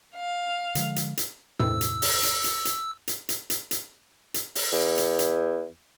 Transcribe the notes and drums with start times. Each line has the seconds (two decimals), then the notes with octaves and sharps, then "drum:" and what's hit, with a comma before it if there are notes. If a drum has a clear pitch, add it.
0.16 F5
0.75 D3 F3 G#3, drum: hi-hat
0.96 drum: hi-hat
1.17 drum: hi-hat
1.60 E2 A2 C3 E6, drum: tom
1.81 drum: hi-hat
2.02 drum: open hi-hat
2.23 drum: hi-hat
2.44 drum: hi-hat
2.65 drum: hi-hat
3.08 drum: hi-hat
3.29 drum: hi-hat
3.50 drum: hi-hat
3.71 drum: hi-hat
4.34 drum: hi-hat
4.55 drum: open hi-hat
4.73 E2
4.98 drum: hi-hat
5.19 drum: hi-hat